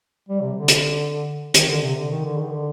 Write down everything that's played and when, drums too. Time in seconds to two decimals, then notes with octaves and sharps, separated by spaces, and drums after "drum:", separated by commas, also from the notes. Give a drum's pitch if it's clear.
0.29 G3
0.42 C3
0.56 D3
0.68 drum: hi-hat
1.54 D#3, drum: hi-hat
1.69 D3
1.83 C3
1.96 D3
2.11 D#3
2.25 D3
2.38 D#3
2.50 D3